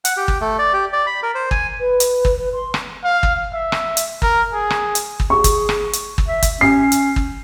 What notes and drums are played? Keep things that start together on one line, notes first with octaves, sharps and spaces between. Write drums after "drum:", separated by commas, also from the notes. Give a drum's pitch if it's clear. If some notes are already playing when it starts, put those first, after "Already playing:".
F#5, drum: hi-hat
G4
drum: kick
A3
D5
G4
D5
B5
A#4
C5
G#5, drum: kick
B4
drum: hi-hat
drum: kick
C6
drum: rim click
F5
drum: kick
E5
drum: rim click
drum: hi-hat
A#4, drum: kick
G#4
drum: rim click
drum: hi-hat
drum: kick
G#4 C#6
drum: kick, hi-hat
drum: rim click
drum: hi-hat
drum: kick
E5
drum: kick, hi-hat
C#4 C7
drum: hi-hat
drum: kick